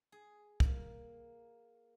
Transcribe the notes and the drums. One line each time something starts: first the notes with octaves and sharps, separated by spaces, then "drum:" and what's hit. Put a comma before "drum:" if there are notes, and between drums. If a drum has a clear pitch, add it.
G#4
A#3, drum: kick